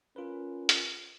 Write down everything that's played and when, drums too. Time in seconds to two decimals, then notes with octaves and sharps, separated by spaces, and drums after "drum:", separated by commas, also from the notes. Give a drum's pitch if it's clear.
0.16 C#4 F4 A#4 B4
0.69 drum: hi-hat